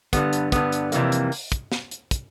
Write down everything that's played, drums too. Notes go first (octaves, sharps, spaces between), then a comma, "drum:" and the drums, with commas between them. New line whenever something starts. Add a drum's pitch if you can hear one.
G2 D3 G3 B3, drum: kick, hi-hat
drum: hi-hat
G2 D3 G3 B3, drum: kick, hi-hat
drum: hi-hat
F2 C3 E3 G3 A#3, drum: hi-hat
drum: hi-hat
drum: open hi-hat
drum: kick, hi-hat
drum: snare
drum: hi-hat
drum: kick, hi-hat